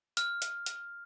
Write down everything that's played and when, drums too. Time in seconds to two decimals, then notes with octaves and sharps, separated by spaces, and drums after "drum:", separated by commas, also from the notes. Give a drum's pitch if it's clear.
0.17 F6, drum: hi-hat
0.42 drum: hi-hat
0.66 drum: hi-hat